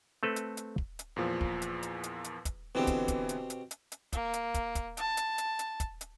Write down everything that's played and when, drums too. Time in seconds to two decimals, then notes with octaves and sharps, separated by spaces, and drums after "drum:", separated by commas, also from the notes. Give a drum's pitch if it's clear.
0.23 A3 C4 A4 B4
0.36 drum: hi-hat
0.57 drum: hi-hat
0.78 drum: kick
0.99 drum: hi-hat
1.16 E2 A#2 F3
1.41 drum: kick
1.62 drum: hi-hat
1.83 drum: hi-hat
2.03 drum: hi-hat
2.24 drum: hi-hat
2.45 drum: kick, hi-hat
2.75 B2 D3 E3 B3 C4 G4
2.87 drum: kick, hi-hat
3.08 drum: kick, hi-hat
3.29 drum: hi-hat
3.50 drum: hi-hat
3.71 drum: hi-hat
3.92 drum: hi-hat
4.13 A#3, drum: kick, hi-hat
4.33 drum: hi-hat
4.54 drum: kick, hi-hat
4.75 drum: kick, hi-hat
4.97 A5, drum: hi-hat
5.17 drum: hi-hat
5.38 drum: hi-hat
5.59 drum: hi-hat
5.80 drum: kick, hi-hat
6.01 drum: hi-hat